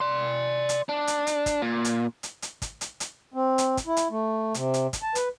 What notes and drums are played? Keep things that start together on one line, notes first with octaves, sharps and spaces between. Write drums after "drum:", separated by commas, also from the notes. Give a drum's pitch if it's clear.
D5 C6
drum: hi-hat
D4
drum: hi-hat
drum: hi-hat
drum: kick, hi-hat
A#2
drum: hi-hat
drum: hi-hat
drum: hi-hat
drum: kick, hi-hat
drum: hi-hat
drum: hi-hat
C4
drum: hi-hat
drum: kick, hi-hat
E4
drum: hi-hat
A3
C3, drum: hi-hat
drum: hi-hat
drum: kick, hi-hat
A5
B4, drum: hi-hat